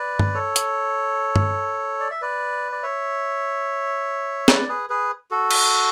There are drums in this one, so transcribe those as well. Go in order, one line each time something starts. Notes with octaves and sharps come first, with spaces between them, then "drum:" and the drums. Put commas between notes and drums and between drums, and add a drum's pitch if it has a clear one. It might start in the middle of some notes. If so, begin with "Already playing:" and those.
Already playing: B4 D5
drum: tom G2
A4 C#5
drum: hi-hat
drum: tom G2
D5
E5
B4 D5
D5
C#5 E5
B4 D5, drum: snare
G#4 B4
G#4 B4
F#4 A4
drum: cymbal